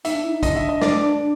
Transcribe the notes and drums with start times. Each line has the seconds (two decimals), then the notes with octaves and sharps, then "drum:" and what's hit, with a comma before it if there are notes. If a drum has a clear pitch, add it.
0.05 D#4 E5, drum: hi-hat
0.14 D4
0.24 E4
0.34 D#4
0.43 D4 D#5, drum: kick, hi-hat
0.56 E5
0.69 D#5
0.81 D5, drum: snare
1.02 D5